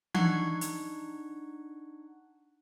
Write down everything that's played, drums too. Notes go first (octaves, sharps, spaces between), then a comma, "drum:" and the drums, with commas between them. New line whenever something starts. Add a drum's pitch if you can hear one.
D4 D#4 F#5 C#6 F#6 G#6, drum: tom E3
drum: hi-hat